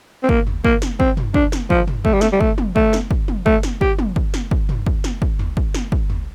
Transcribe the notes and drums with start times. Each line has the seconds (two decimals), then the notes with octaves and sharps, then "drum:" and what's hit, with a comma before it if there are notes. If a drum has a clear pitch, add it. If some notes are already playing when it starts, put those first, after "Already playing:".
0.23 C4
0.29 A#3, drum: kick
0.47 drum: tom
0.65 A#3, drum: kick
0.82 drum: snare
1.00 C4, drum: kick
1.17 drum: tom
1.34 D4, drum: kick
1.52 drum: snare
1.70 F3, drum: kick
1.87 drum: tom
2.05 A3, drum: kick
2.13 G3
2.21 A3, drum: snare
2.33 G3
2.41 A3, drum: kick
2.58 drum: tom
2.76 A3, drum: kick
2.93 drum: snare
3.11 drum: kick
3.28 drum: tom
3.46 A3, drum: kick
3.63 drum: snare
3.81 G4, drum: kick
3.99 drum: tom
4.16 drum: kick
4.34 drum: snare
4.51 drum: kick
4.69 drum: tom
4.87 drum: kick
5.04 drum: snare
5.22 drum: kick
5.39 drum: tom
5.57 drum: kick
5.74 drum: snare
5.92 drum: kick
6.10 drum: tom